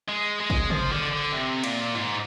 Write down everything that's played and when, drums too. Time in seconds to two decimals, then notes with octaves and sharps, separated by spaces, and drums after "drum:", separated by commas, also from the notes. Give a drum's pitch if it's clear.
0.08 G#3
0.40 G#3
0.50 drum: kick
0.70 F3, drum: tom C3
0.92 D3
1.13 D3
1.32 C3
1.64 A#2, drum: cymbal
1.95 G#2